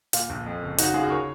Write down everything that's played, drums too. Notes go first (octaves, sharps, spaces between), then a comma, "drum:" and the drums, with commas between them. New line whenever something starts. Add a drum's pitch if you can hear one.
A#2 F4, drum: hi-hat
A#1
F2
F#1
C#3 D#4 F#4, drum: hi-hat
F#2 F4 G#4
C#3 A#4 C#5